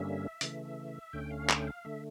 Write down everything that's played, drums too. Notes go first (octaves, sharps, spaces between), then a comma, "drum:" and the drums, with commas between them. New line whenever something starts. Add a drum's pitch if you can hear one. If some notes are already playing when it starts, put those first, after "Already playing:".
Already playing: G2 D3 G3 A#3 C#4 E5
C#3 E3 A3, drum: hi-hat
D2 D3 A3 C#4 G5
F5
G5, drum: clap
F5
D3 A3 E5